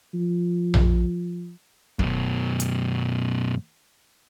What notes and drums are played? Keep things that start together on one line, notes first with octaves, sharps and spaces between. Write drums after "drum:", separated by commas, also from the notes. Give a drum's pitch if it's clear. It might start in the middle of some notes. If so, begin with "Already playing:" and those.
F3
drum: tom A#1
F#2 B2, drum: kick
drum: hi-hat